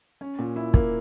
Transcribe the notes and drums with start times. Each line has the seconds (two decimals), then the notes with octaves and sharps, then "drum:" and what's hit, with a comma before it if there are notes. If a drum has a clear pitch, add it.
0.21 C#4
0.39 A#2
0.56 E4
0.74 A#3, drum: kick